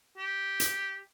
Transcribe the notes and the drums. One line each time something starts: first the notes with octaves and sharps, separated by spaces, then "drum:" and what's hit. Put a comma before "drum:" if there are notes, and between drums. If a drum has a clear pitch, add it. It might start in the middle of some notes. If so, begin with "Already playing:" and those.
G4
drum: hi-hat